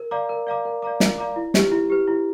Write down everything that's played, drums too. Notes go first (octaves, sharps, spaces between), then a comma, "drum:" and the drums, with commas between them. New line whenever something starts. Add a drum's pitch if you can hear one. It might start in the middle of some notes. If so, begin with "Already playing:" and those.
Already playing: A#4
D5 F5 A#5 D6
A#4
D5 F5 A#5 D6
A#4
D5 F5 A#5 D6
A#4, drum: snare
D5 F5 A#5 D6
E4
G4 B4, drum: snare
E4
G4 B4
E4